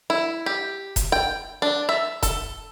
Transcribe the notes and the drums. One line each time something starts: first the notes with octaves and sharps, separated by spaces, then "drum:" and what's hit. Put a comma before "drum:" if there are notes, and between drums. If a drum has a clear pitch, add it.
E4
G4
drum: kick E1, hi-hat
G5
D4
E5
A4, drum: kick E1, hi-hat